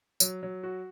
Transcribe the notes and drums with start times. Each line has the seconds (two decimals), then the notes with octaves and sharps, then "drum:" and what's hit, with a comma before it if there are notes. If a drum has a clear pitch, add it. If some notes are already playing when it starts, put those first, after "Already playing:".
0.20 F#3, drum: tambourine
0.43 F#3
0.63 F#4